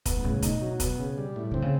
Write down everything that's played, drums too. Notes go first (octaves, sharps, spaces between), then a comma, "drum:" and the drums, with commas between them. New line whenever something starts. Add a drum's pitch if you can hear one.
B3, drum: kick, hi-hat
G#2
A2 C#3
B2 D#4, drum: kick, hi-hat
F#3
B3, drum: kick, hi-hat
C#3
G3
A2
D3 C4
C#3